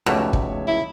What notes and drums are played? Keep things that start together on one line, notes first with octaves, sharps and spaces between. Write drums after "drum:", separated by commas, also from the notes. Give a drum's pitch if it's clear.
F1 C#2 B2 A3 G4 C#5 E5
drum: kick
E4